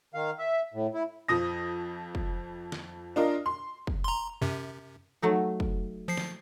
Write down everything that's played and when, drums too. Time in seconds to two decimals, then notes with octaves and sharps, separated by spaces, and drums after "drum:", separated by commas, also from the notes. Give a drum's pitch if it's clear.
0.14 D#3 F5
0.39 E5
0.74 A2
0.94 E4
1.28 F2 F3 D#6 A#6
2.15 drum: kick
2.72 drum: snare
3.16 D4 F4 A#4 D#5
3.46 C6
3.87 drum: kick
4.04 A#5 C6
4.42 F#2 C3
5.22 F#3 A3 D#4
5.60 drum: kick
6.08 F3 C7
6.17 drum: snare